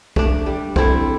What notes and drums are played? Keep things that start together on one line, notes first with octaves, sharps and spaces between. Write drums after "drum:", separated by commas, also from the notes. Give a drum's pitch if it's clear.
A3 D4, drum: kick
G3
C4 E4 A4, drum: kick